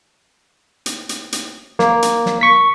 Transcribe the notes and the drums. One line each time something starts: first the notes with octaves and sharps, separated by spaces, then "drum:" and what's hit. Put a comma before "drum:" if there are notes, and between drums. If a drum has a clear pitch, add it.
drum: hi-hat
drum: hi-hat
drum: hi-hat
A#3, drum: snare
drum: hi-hat
drum: snare
C#6 B6